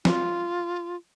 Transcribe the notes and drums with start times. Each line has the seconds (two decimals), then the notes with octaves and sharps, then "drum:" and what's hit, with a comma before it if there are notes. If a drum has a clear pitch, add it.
0.05 F4, drum: snare